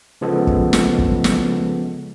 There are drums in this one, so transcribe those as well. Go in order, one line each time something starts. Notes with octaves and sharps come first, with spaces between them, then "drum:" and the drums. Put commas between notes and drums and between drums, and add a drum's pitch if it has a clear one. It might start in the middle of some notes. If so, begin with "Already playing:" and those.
C#3 F3 G#3 B3 A4
drum: kick
drum: snare
drum: kick
drum: snare